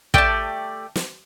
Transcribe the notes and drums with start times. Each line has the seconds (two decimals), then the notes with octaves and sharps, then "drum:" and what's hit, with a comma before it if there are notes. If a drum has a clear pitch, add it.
0.14 A3 G4 D5 G5 A5, drum: kick
0.96 drum: snare